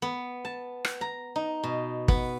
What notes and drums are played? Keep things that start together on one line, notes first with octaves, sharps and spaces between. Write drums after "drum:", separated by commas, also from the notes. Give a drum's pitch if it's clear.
B3
A5
drum: rim click
A#5
D#4
B2
B3, drum: kick